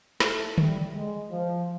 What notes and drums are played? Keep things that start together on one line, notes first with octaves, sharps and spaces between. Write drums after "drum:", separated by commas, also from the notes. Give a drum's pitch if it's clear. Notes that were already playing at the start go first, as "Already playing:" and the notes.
A3, drum: snare
G3, drum: tom D3
G#3
F3